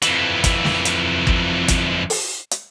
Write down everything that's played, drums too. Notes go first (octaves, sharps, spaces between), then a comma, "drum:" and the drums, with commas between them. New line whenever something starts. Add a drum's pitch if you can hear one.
F2 E3, drum: hi-hat
drum: kick, hi-hat
drum: snare
drum: hi-hat
drum: kick
drum: kick, hi-hat
drum: open hi-hat
drum: hi-hat